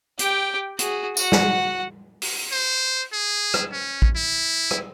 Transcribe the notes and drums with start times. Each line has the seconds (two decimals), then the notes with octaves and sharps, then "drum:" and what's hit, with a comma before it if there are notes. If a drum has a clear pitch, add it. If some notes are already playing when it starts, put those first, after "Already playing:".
0.19 G4 G5, drum: hi-hat
0.79 F#4 G#4, drum: hi-hat
1.17 F#4 F#5, drum: tambourine
1.32 drum: snare
2.22 drum: open hi-hat
2.52 C5
3.13 G#4
3.54 drum: rim click
3.73 C#4
4.02 drum: kick A1
4.16 E4
4.71 drum: rim click